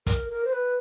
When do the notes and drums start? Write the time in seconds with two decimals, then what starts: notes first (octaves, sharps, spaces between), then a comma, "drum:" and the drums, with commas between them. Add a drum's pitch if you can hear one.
0.07 A#4, drum: kick, hi-hat
0.30 A#4
0.45 C5
0.52 B4